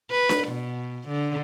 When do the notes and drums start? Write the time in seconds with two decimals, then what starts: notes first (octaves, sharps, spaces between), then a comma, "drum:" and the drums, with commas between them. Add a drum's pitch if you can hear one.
0.11 B4
0.29 drum: snare D4
0.48 B2
1.08 D3